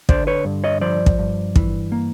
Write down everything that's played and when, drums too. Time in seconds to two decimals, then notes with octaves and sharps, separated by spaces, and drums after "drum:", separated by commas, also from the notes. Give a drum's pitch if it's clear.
0.09 D3 C5 D5, drum: kick
0.27 B4 C#5
0.45 G2
0.64 C#5 D#5
0.81 F3 C5 D5
1.06 drum: kick
1.19 G2
1.56 E3, drum: kick
1.92 A#3